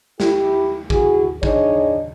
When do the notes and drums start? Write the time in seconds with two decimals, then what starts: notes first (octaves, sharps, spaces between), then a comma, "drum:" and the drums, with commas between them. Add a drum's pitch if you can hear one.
0.20 E4 G4, drum: snare
0.90 E4 F#4 G#4, drum: kick A1
1.43 D4 D#4 G#4 C#5 D#5, drum: kick A1